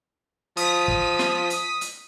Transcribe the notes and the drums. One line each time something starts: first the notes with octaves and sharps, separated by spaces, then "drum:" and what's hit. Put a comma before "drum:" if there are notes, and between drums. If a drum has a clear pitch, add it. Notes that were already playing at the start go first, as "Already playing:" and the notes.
F3 D#6 B6, drum: hi-hat
drum: kick
drum: snare
drum: hi-hat
drum: hi-hat